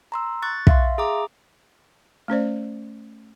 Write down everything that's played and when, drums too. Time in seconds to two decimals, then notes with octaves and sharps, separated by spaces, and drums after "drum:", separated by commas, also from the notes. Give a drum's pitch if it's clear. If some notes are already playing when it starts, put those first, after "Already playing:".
0.12 A#5 C6 E6
0.42 C#6 F#6 A6
0.67 E5 F5 C6, drum: kick
0.98 G#4 A#5 D6
2.28 A3 C#4 C5 D5